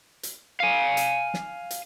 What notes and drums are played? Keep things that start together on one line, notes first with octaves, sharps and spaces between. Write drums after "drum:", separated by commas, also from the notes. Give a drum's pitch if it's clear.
drum: hi-hat
F5 G#5
drum: hi-hat
drum: snare
drum: hi-hat